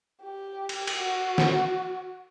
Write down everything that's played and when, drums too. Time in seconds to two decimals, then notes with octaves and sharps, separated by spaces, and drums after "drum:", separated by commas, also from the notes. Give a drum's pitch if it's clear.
0.22 G4
0.69 drum: cymbal
0.87 drum: cymbal
0.97 F#4
1.38 drum: snare